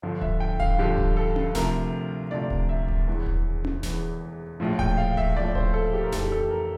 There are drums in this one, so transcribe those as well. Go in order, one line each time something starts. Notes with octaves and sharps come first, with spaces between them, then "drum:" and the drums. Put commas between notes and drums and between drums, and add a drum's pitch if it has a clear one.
G1 G2 D3 F3
E5, drum: kick D1
G5
F5, drum: kick D1
G1 G2 D3 F3 G4
drum: kick D1
A4
drum: tom C#4
D2 C3 F3 A#4, drum: snare D1
D2 C3 F3 D5
drum: kick D1
E5
drum: kick D1
E1 E2 E3
drum: kick D1
drum: tom C#4
E1 E2 E3, drum: snare D1
A#1 A2 F3
G5, drum: kick D1
F5
E5, drum: kick D1
A#1 A2 F3 D5
C5, drum: kick D1
A4
G4
A#4
F1 F2 E3 A4, drum: snare D1
G4
A4
A#4